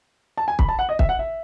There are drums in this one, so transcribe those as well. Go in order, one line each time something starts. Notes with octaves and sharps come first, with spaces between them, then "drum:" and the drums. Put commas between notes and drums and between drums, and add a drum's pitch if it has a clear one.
A5
G#5
B5, drum: kick
A5
F#5
D#5
E5, drum: kick
F#5
E5